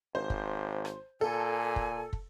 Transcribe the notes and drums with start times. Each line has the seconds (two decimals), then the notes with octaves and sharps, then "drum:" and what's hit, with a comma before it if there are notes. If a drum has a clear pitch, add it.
0.15 G#1 C5
0.30 drum: kick
0.85 drum: rim click
1.21 A#2 A4 G#5
1.76 drum: kick
2.13 drum: kick